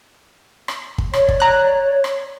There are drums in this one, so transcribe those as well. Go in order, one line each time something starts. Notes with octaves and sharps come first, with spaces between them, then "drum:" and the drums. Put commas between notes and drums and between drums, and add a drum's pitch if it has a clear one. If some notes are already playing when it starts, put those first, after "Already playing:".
drum: rim click
drum: kick
C#5 D5, drum: rim click
drum: kick
A#5 F#6
drum: rim click